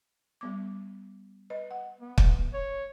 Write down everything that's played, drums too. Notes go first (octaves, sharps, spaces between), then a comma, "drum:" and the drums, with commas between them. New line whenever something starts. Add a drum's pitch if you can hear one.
G3 B3 D6
B4 D#5
F#5
B3
drum: kick
C#5